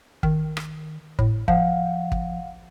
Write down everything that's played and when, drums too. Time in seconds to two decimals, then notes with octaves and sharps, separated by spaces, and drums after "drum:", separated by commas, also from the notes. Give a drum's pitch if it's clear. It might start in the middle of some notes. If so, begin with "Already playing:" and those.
0.23 D#3, drum: kick
0.57 drum: rim click
1.19 A2, drum: kick
1.48 F3 F5 F#5, drum: kick
2.12 drum: kick